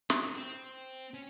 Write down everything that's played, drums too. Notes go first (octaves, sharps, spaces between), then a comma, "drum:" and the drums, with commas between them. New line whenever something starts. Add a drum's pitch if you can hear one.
D#3, drum: snare
E3
D#3
C4
C#4